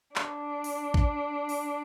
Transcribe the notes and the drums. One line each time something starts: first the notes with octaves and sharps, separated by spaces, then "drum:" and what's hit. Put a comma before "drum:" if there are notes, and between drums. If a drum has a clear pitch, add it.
D4, drum: clap
drum: open hi-hat
drum: kick
drum: open hi-hat